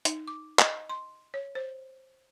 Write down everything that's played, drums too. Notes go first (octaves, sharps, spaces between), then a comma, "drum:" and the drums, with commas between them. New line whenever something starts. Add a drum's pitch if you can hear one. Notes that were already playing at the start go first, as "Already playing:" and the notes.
D#4, drum: hi-hat
D6
D#5, drum: clap
C6
C#5
C5